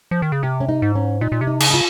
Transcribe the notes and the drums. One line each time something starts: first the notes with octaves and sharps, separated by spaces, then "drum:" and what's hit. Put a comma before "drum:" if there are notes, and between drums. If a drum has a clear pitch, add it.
F3
D#3
C#3
C3 G4
C#4
D#4
G#2
C#4
A#2 D#4
A#2
C3
D#4
C#3, drum: cymbal
D#4
F4